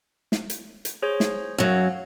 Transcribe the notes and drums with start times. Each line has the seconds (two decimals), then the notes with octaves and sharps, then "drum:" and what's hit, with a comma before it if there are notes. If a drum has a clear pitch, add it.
0.32 drum: snare
0.50 drum: hi-hat
0.85 drum: hi-hat
1.02 G#4 C5 C#5
1.20 drum: snare
1.58 F#2 F#3 C#5 F5